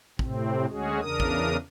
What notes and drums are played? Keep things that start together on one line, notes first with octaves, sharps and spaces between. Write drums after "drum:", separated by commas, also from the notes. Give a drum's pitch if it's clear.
A2 C3 C4, drum: kick
D2 G#3 C#4 F#4 G#4
E2 C#3 D4 A#4 D#6
drum: kick